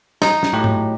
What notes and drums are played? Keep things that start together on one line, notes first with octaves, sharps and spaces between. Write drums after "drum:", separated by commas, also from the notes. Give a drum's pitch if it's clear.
D#4, drum: snare
drum: snare
A2 F#3 G4
drum: tom G#2